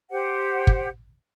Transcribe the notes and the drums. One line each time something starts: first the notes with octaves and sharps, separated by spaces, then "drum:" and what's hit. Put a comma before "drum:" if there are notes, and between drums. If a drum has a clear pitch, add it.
G4 C5 F#5
drum: kick